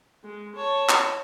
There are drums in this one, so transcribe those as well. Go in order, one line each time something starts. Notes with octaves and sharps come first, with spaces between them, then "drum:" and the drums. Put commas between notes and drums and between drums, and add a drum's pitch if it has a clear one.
G#3
C#5 A5
drum: clap